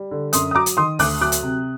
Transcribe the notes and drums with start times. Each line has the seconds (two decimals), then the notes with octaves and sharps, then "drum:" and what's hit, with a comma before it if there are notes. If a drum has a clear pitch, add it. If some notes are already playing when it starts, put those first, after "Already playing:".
Already playing: G3
0.11 D3
0.33 F#2 C6 D#6, drum: hi-hat
0.51 D#6
0.55 F#3 A#5 D6
0.66 drum: hi-hat
0.77 D#3 C6 D#6
0.99 D2 D6 F#6, drum: open hi-hat
1.21 F#3 D6 F#6
1.32 drum: hi-hat
1.43 C3